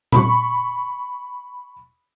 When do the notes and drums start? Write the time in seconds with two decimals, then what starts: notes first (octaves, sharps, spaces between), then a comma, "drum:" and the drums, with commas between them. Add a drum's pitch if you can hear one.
0.12 B5 C#6, drum: tom A#2